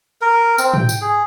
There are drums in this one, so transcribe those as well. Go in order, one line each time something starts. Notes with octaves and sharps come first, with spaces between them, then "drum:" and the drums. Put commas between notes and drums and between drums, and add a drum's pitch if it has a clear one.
A#4
C4, drum: tambourine
G5, drum: tom
drum: tambourine
G#4